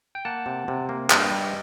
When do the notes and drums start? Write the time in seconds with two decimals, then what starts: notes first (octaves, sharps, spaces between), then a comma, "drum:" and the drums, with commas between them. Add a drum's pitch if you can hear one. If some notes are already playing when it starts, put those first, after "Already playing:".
0.15 G5
0.25 A#3 F#5 A5
0.46 C3
0.68 C3
0.89 A#3
1.10 G2 D#5 G5, drum: clap
1.31 G3